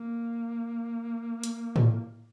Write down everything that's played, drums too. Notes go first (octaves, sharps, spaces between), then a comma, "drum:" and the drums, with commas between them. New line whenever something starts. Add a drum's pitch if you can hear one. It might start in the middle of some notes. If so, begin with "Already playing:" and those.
Already playing: A#3
drum: hi-hat
drum: tom A2